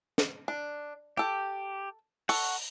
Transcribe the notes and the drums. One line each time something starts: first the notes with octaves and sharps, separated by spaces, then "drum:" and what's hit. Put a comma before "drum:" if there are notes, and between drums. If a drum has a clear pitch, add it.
drum: snare
D4
G4 A4 G5
A4 F#5 C#6, drum: open hi-hat